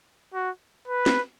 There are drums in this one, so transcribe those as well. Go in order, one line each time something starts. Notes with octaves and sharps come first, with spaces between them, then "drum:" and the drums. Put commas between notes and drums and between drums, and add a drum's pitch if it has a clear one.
F#4
B4
drum: snare